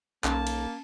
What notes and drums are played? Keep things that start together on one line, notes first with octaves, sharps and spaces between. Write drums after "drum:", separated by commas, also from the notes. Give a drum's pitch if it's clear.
B1 A#3 C#4 A5, drum: clap
drum: cymbal